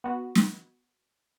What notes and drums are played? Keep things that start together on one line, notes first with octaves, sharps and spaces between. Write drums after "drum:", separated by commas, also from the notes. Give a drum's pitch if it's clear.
B3 F#4
drum: snare